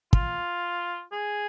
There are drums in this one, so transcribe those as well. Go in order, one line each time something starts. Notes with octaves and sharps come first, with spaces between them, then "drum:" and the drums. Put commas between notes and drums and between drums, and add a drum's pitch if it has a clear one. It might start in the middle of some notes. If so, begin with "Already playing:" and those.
F4, drum: kick
G#4